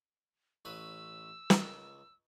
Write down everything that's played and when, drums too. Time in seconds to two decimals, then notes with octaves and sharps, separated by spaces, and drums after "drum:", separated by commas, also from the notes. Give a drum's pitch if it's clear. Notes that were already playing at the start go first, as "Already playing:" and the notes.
0.65 A1 C#4 B4 E6
1.50 C#2, drum: snare